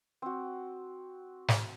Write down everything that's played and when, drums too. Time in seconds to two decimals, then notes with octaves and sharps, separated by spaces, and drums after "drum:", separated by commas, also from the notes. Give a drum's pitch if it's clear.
0.22 C4 F#4
1.48 drum: snare